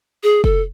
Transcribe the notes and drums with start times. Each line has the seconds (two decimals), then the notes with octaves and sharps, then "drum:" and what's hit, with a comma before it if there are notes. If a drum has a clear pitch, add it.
0.23 G#4
0.44 A4, drum: kick